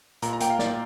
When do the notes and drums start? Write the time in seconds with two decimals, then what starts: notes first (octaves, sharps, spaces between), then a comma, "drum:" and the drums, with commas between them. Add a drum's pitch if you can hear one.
0.22 A#2 A#5, drum: hi-hat
0.33 A#5
0.41 A#3 G5, drum: hi-hat
0.50 F5
0.59 A#3 D5, drum: snare